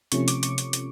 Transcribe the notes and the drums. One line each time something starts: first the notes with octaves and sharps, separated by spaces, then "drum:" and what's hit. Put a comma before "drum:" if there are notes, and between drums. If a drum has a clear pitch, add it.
C3 F3 A3 C#4 C#6, drum: hi-hat
D6, drum: hi-hat
C#6, drum: hi-hat
drum: hi-hat
drum: hi-hat